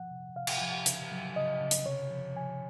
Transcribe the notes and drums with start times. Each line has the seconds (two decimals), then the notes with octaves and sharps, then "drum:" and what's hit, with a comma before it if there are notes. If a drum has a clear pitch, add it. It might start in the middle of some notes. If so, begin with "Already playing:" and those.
Already playing: F3 F#5
0.11 C3
0.36 C3 F5
0.47 drum: cymbal
0.61 F3
0.86 C#3, drum: hi-hat
1.11 F#3
1.36 C#3 D#5
1.61 C#3
1.71 drum: hi-hat
1.86 C3 C#5
2.10 F3
2.35 F3 G#5